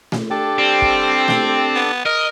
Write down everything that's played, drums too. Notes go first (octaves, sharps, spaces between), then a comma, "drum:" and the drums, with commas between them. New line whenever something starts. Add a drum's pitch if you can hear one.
drum: snare A3
D4 G4 A4
G3 C4
drum: kick
drum: snare A3
B3
A#4 D#5